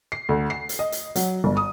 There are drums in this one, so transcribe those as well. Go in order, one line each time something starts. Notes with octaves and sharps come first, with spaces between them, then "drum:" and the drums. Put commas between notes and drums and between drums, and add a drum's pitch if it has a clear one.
C7
D2
C7
drum: hi-hat
D#5
drum: hi-hat
F#3, drum: hi-hat
G1
D#6